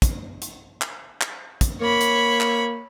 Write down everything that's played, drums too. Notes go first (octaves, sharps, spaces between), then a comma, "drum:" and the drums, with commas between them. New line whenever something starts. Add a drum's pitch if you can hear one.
drum: kick, hi-hat
drum: hi-hat
drum: clap
drum: clap
drum: kick, hi-hat
A#3 C#5 B5
drum: hi-hat
drum: clap